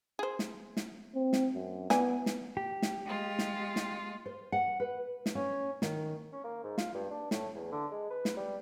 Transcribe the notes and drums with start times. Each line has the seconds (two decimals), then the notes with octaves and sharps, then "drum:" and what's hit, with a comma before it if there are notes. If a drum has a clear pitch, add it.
0.19 G#4 C5
0.39 drum: snare
0.77 drum: snare
1.15 C4
1.33 drum: snare
1.55 F#2
1.90 E3 B3 D5 G#5, drum: snare
2.26 drum: snare
2.57 G4
2.82 drum: snare
3.05 G#3 F4
3.39 drum: snare
3.76 drum: snare
4.26 C5
4.52 F#5
4.80 B4
5.26 drum: snare
5.35 C#4
5.82 D#3, drum: snare
6.32 C#4
6.44 A#3
6.63 G#2
6.78 F4, drum: snare
6.94 G2
7.10 D4
7.31 A2, drum: snare
7.55 E2
7.72 D3
7.91 G#3
8.10 B4
8.25 drum: snare
8.37 G3